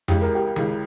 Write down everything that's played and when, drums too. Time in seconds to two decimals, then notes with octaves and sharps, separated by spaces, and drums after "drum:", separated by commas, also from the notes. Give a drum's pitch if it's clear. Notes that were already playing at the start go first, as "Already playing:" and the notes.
0.08 C#2 C#3 E3 G4, drum: tom F2
0.22 A#4
0.35 G4
0.56 C#2 C#3 E3, drum: tom D#3